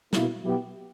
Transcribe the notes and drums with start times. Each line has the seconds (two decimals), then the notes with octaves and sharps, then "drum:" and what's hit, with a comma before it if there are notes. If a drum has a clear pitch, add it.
0.13 B2 A#3 E4, drum: snare
0.43 B2 F#3 B3 E4 G4